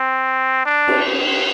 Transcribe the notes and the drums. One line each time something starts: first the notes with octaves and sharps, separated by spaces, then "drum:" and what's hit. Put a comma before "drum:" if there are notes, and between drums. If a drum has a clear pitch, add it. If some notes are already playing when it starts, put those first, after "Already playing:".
Already playing: C4
D4
drum: cymbal